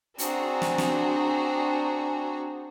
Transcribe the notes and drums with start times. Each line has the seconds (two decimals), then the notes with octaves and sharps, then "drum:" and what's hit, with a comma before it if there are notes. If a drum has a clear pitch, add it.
0.18 C4 D4 F#4 G#4 A#5, drum: hi-hat
0.62 drum: snare
0.78 drum: snare